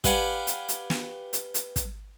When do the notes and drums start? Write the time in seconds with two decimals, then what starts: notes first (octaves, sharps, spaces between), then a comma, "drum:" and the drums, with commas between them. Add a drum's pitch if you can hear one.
0.04 G4 B4 D5 F5 F#5 G#5, drum: kick, hi-hat
0.47 drum: hi-hat
0.68 drum: hi-hat
0.90 drum: snare
1.33 drum: hi-hat
1.54 drum: hi-hat
1.76 drum: kick, hi-hat